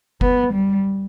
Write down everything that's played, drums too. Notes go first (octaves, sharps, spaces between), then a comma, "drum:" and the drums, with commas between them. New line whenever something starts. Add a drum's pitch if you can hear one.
B3, drum: kick F#1
G3